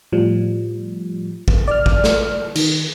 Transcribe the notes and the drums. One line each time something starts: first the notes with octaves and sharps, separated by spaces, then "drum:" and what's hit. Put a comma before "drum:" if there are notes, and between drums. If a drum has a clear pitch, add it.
A2 F3 G3
drum: kick
D5 F6
drum: kick
drum: snare
D#3, drum: cymbal